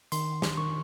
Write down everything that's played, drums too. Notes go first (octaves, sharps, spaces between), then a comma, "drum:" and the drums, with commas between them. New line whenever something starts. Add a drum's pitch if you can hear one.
D#3 C6, drum: hi-hat
drum: snare
D#3 C#6